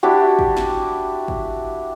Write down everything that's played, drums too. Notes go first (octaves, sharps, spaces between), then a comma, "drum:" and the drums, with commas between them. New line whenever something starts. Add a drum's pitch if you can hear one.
D4 E4 F#4 G4
drum: kick
drum: snare
drum: kick